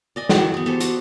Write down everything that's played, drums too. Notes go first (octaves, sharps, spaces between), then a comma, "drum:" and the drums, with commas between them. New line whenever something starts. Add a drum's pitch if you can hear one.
D5 D#5 G#5
D#3 E3 F#3 D#4, drum: snare
E4
B3 G#4
B3 G4 A4 C5
F#4, drum: hi-hat